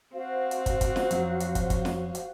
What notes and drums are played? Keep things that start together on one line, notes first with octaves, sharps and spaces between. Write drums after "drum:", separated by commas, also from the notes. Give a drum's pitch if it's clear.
C4 F#4 C5 F5
drum: hi-hat
drum: kick, hi-hat
drum: kick, hi-hat
drum: snare
F2 F#3, drum: hi-hat
drum: hi-hat
drum: kick, hi-hat
drum: kick, hi-hat
drum: snare
drum: hi-hat